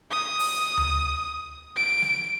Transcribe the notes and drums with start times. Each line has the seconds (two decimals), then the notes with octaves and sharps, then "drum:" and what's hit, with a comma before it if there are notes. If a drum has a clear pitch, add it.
0.11 D#6
0.39 drum: open hi-hat
0.77 drum: tom D2
1.76 D7
2.02 drum: snare